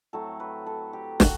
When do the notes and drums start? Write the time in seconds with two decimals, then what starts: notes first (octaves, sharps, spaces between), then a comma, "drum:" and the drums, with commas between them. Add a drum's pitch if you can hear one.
0.13 A2 F#3 A3 C4 A4
0.40 B4
0.66 A4
0.93 G4
1.20 F#4, drum: snare